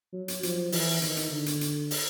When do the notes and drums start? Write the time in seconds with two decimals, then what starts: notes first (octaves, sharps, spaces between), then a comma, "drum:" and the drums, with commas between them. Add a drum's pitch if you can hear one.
0.13 F#3
0.28 drum: hi-hat
0.43 F3, drum: hi-hat
0.72 E3, drum: open hi-hat
1.02 D#3, drum: hi-hat
1.17 drum: hi-hat
1.31 D3
1.46 drum: hi-hat
1.61 drum: hi-hat
1.91 drum: open hi-hat